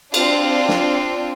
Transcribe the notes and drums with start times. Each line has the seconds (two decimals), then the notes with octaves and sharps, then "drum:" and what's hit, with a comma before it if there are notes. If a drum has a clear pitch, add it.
0.14 C4 D4 F4, drum: cymbal
0.69 drum: snare